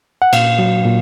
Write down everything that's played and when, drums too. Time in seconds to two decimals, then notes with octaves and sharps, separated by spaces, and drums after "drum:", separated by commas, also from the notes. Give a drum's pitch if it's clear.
0.22 F#5
0.33 A#2 F5, drum: cymbal
0.59 F#3
0.85 A#2